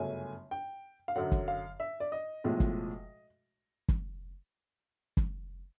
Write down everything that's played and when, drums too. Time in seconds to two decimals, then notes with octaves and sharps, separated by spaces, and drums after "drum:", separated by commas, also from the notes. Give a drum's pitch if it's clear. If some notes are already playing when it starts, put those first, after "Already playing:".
Already playing: G1 F#2 C#3 F#3 A3 G#5
0.51 G5
1.08 F5
1.16 F#2 D3 F#3 F#5
1.32 drum: kick
1.48 F5
1.80 E5
2.00 D5
2.12 D#5
2.44 B1 A2 F3 G#3
2.60 drum: kick
3.88 drum: kick
5.17 drum: kick